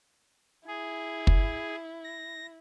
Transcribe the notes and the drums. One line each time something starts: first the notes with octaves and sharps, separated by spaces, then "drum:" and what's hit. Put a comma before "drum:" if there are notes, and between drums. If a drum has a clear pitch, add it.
E4 G#4
drum: kick
A#6